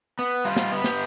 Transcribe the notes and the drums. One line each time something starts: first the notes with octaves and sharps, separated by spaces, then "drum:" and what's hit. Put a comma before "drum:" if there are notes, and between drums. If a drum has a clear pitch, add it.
B3
G3 F4
drum: snare
B3
G4, drum: snare